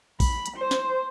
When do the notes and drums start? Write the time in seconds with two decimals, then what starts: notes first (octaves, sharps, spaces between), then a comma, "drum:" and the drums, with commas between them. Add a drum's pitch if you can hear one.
0.20 B5, drum: kick, open hi-hat
0.46 drum: hi-hat
0.57 C5
0.71 drum: snare